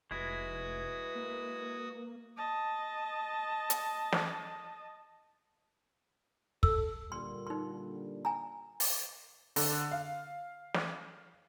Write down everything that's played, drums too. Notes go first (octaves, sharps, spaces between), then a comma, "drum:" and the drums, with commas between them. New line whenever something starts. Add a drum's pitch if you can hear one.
F1 G#3 E4 F#4 B4 D#6
A#3
D#5 A5
drum: hi-hat
drum: snare
A4 E6, drum: kick
A#2 D3 G3 C6
D#4 C6
G#5 A#5
drum: open hi-hat
D3, drum: open hi-hat
F5
drum: snare